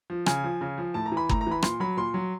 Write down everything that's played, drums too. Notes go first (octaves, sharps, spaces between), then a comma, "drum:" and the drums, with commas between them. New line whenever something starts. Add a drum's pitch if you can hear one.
F3
C#3 G#5, drum: rim click
F3
C#3
F3
A2 A5
A#5
E3
B5
A2 A#5, drum: kick
A#5
E3 B5
A#2 C6, drum: rim click
F#3 B5
A#2 C6
F#3